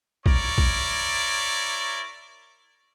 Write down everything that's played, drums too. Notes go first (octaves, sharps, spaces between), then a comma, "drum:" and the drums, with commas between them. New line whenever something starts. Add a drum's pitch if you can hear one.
E4 A#4 C#5 D5, drum: kick A#1
drum: kick A#1